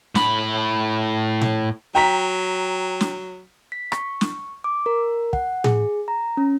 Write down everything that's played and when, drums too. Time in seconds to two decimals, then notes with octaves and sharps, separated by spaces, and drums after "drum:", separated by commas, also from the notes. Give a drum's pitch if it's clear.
0.15 A2 B5, drum: snare
1.41 drum: tom A2
1.95 F#3 G5 A#5 B6
3.01 drum: snare
3.72 B6
3.92 C#6, drum: rim click
4.21 drum: snare
4.64 D6
4.86 A#4
5.33 F#5, drum: kick
5.64 G#4, drum: tom A2
6.08 A#5
6.37 C#4